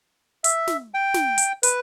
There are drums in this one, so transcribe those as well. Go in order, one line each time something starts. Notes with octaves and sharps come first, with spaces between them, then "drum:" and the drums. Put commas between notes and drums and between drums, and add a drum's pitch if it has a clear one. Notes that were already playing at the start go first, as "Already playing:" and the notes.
E5, drum: hi-hat
drum: snare
G5
drum: snare
drum: hi-hat
B4, drum: hi-hat